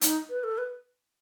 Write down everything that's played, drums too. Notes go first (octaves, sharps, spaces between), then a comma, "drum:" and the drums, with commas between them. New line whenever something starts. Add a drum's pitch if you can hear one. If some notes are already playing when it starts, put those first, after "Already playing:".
D#4, drum: hi-hat
B4
A4
B4